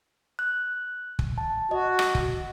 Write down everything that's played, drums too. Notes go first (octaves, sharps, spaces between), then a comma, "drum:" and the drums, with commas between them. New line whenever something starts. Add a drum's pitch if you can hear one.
F#6
drum: kick
A5
F#4 D#5
drum: rim click
drum: kick